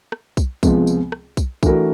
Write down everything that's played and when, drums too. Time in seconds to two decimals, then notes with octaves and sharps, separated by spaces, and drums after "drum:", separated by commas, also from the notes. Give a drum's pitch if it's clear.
0.12 drum: rim click
0.37 drum: kick B1, tambourine
0.63 C#2 C3 F3 G#3 B3, drum: kick B1, tambourine
0.87 drum: tambourine
1.12 drum: rim click
1.37 drum: kick B1, tambourine
1.63 E3 A3 D4 F#4 A#4, drum: kick B1, tambourine